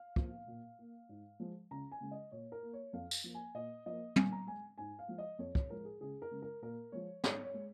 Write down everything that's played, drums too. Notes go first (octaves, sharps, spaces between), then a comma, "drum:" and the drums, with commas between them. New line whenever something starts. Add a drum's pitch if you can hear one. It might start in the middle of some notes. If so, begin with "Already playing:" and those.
Already playing: F5
F3 A#3, drum: kick
A#2
A#3
G#2
F3 G#3
C#2 A#5
G#5
C#3 G#3
D#5
A#2 C#5
A#4
A#3
C#5
F2 F5
drum: tambourine
F3 A#3
G#5
A#2 D#5
F3 A#3 D#5
A#2 G#5, drum: tom
A#5
G#3 G#5
G#2 G#5
F5
F3 G#3
D#5
F2 C#5
C#5, drum: kick
F3 G#3 A#4
G#4
C#2 G#4
A#4
C#3 G#3
A#4
A#2 A#4
F3 G#3 C#5
G#2 C#5, drum: snare
C#5
G#3